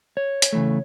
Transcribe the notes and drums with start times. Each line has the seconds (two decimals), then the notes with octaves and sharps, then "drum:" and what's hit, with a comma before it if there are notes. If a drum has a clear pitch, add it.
0.17 C#5
0.42 drum: hi-hat
0.53 C#3 E3 A3